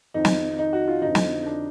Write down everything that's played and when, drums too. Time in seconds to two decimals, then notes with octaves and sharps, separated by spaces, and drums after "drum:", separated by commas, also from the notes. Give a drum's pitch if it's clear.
0.14 F2 D#3 D#4
0.25 drum: snare
0.59 D#4
0.73 F#4
0.88 F4
1.02 F2 D3 D#4
1.15 drum: snare
1.46 D4